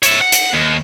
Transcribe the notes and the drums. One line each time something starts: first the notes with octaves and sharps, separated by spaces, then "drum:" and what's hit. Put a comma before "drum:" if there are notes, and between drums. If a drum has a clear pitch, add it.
C#5 E5, drum: hi-hat
F#5
drum: hi-hat
D#2